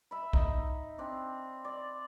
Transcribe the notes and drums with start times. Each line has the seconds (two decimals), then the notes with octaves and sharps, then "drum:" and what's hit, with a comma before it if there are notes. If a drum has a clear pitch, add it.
0.11 E5 B5
0.33 D#4, drum: kick
0.98 C4 D4
1.65 D5